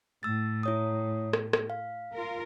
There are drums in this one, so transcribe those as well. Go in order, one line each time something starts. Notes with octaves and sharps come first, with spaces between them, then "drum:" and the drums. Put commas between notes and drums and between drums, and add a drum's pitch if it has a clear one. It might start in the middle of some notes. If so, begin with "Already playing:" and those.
A2 E6 A6
E4 C#5 D#6
drum: rim click
drum: rim click
F5
F4 A#4